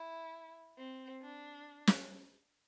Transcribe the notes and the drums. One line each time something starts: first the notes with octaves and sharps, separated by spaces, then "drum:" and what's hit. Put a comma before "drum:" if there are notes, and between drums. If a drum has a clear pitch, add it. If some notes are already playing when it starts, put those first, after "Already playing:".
Already playing: E4
C4
D4
drum: snare